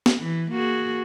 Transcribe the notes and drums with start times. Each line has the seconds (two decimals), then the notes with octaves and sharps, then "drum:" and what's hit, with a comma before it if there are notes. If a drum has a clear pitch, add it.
0.06 drum: snare
0.19 E3
0.51 A#3 F#4 G#4